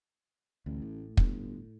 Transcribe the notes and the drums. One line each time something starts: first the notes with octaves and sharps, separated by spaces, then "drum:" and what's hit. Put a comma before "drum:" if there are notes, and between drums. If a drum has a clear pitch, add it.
A1 D2
A2
G1, drum: kick